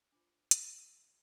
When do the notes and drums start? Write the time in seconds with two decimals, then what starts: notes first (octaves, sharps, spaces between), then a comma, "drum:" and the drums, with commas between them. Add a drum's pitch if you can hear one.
0.12 D4 F4 C5 D6
0.51 drum: hi-hat
0.76 E6